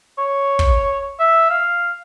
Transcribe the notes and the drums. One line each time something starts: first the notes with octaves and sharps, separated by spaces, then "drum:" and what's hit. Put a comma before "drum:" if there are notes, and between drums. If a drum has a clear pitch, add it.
C#5
drum: kick
E5
F5